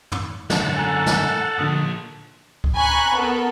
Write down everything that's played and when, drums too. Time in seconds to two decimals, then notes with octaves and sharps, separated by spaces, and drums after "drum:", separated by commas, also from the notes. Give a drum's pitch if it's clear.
0.12 drum: tom
0.50 F#2 D3 F#5 A5, drum: snare
0.77 A4 G#5 A#5
1.06 drum: snare
1.59 A#2 D3 F3 D#6
2.64 drum: kick C#2
2.75 G#5 A#5 B5 C#6 F#6
3.14 B3 A4 A#4